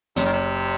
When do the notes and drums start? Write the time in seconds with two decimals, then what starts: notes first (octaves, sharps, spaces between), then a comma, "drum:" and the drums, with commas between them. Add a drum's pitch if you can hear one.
0.16 F#1 C3, drum: hi-hat
0.25 D#3
0.33 C3